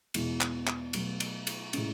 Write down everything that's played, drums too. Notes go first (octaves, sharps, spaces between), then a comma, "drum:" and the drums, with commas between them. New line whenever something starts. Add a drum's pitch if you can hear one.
E2 B2 G#3 B3 E4, drum: cymbal
drum: clap
drum: clap
B2 F#3 A3, drum: cymbal
drum: cymbal
drum: cymbal
A2 G#3 C#4, drum: cymbal